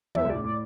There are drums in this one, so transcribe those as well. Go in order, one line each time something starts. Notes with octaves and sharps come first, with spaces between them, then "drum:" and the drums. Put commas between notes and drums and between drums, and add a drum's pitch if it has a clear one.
E2 E3 E5, drum: tom
C#2 C#3
A2 D5
A2 D5